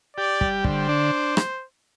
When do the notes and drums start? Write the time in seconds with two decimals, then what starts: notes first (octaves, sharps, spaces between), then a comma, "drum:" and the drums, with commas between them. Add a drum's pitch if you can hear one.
0.17 G4 D5
0.41 G3, drum: kick
0.64 D3 C5, drum: kick
0.89 D4
1.37 drum: rim click